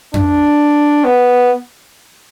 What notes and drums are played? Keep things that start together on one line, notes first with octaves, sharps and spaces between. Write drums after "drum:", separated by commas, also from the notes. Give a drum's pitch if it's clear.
D4, drum: tom F2
B3